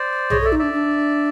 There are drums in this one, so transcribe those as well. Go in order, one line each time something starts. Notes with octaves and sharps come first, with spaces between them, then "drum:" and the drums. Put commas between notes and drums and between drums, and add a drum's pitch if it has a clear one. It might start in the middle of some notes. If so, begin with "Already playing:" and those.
Already playing: C5 D5
G#4 C#5 D#5, drum: tom B1
A4 D5 E5
D#4
D4 D5 E5
D4